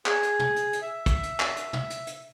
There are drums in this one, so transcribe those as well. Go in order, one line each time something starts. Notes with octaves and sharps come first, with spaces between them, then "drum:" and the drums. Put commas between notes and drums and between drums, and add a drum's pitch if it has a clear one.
G#4, drum: clap
drum: hi-hat
drum: tom
drum: hi-hat
drum: hi-hat
E5
drum: kick, hi-hat
drum: hi-hat
drum: clap
drum: hi-hat
drum: tom
drum: hi-hat
drum: hi-hat